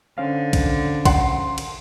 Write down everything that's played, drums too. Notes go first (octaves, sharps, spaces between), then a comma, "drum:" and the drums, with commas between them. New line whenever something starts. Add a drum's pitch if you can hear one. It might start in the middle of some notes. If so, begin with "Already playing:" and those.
D3 C#4 C5 F5
drum: kick, cymbal
F#5 C6, drum: kick, cymbal
drum: cymbal